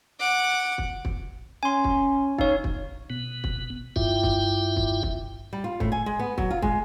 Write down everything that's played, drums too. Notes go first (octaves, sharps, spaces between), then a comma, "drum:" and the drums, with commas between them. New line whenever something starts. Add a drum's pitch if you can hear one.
F#5 D6
drum: kick
drum: kick
C#4 G#5 C6
drum: kick
D#4 C#5 F5, drum: kick
drum: kick
B2 B3
drum: kick
G2 E4 F4 E5 G5, drum: kick
drum: kick
drum: kick
drum: kick
G3
F4
A2, drum: kick
G#5
G#3
B3
F#3, drum: kick
F4
G#3, drum: kick